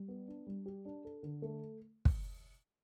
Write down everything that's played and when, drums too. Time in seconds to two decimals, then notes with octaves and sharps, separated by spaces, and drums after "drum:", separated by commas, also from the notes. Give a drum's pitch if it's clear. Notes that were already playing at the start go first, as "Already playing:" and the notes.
Already playing: G3
0.08 B3
0.28 D4
0.47 G3
0.66 G4
0.85 D4
1.05 A4
1.23 D3
1.42 A3
2.05 drum: kick